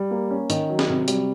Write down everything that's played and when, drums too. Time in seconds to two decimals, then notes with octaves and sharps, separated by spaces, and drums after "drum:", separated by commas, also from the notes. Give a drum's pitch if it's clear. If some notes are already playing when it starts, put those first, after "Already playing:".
Already playing: G3
0.11 A#3
0.31 C#4
0.50 D#3, drum: hi-hat
0.69 F#3
0.79 drum: snare
0.89 C3
1.08 G3, drum: hi-hat